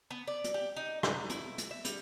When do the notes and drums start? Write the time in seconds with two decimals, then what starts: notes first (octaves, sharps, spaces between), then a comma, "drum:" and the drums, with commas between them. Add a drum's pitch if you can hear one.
0.11 B3
0.27 D5
0.44 drum: hi-hat
0.54 G4
0.77 D#4
1.03 F#3, drum: rim click
1.30 E4, drum: hi-hat
1.58 drum: hi-hat
1.71 E5
1.85 G3, drum: hi-hat